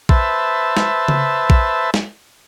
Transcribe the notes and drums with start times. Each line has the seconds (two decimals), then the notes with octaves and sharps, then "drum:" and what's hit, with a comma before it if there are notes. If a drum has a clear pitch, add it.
0.09 B4 C5 E5 A5, drum: kick A#1
0.77 drum: snare
1.08 drum: tom C#3
1.50 drum: kick A#1
1.94 drum: snare